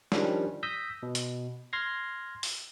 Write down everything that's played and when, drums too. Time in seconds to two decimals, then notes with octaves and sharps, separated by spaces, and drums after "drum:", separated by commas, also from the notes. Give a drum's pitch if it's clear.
0.12 D#3 F3 G3 C#4 D4, drum: snare
0.63 D#6 E6 G6 A#6 B6
1.03 B2
1.15 drum: hi-hat
1.73 C6 F6 G#6 A#6 C7
2.43 drum: open hi-hat